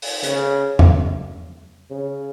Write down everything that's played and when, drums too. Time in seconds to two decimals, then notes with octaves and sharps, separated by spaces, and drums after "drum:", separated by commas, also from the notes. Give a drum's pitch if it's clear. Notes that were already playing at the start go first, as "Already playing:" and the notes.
0.02 drum: open hi-hat
0.23 C#3, drum: hi-hat
0.79 drum: tom E2
1.91 C#3